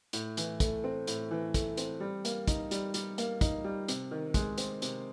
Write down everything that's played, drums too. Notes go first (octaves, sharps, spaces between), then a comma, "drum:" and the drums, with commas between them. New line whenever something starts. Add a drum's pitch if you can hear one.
A2, drum: hi-hat
E3, drum: hi-hat
A3, drum: kick, hi-hat
C4
A2, drum: hi-hat
E3
A3, drum: kick, hi-hat
C4, drum: hi-hat
G3
A#3, drum: hi-hat
D#4, drum: kick, hi-hat
G3, drum: hi-hat
G3, drum: hi-hat
A#3, drum: hi-hat
D#4, drum: kick, hi-hat
G3
C3, drum: hi-hat
D#3
G#3, drum: kick, hi-hat
C4, drum: hi-hat
C3, drum: hi-hat